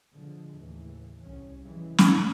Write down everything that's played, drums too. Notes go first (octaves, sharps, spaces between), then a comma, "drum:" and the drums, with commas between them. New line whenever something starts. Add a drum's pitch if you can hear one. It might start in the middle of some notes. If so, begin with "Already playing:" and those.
B2 D3 F3 G#3
D#2 A2 C#3 E3
C2 C#4
C#3 E3 G3 G#3
G#2 G3, drum: snare